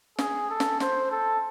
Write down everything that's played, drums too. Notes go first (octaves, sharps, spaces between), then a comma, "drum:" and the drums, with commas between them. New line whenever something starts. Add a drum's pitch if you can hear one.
G#4, drum: snare
A4
drum: snare
C5, drum: snare
A4